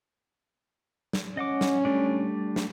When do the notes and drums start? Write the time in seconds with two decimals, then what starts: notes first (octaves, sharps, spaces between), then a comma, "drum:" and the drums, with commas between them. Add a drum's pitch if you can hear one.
1.13 drum: snare
1.37 C#4 D#5 F#5 D6
1.61 drum: snare
1.85 G3 A3 D4
2.56 drum: snare